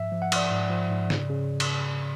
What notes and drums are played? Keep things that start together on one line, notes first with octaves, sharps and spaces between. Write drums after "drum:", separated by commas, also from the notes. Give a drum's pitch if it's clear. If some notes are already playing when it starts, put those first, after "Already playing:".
Already playing: G#2 F3 E5
F3
F#5
F3 D5, drum: cymbal
G#2
F3
G#2
C#3, drum: snare
C#3
drum: cymbal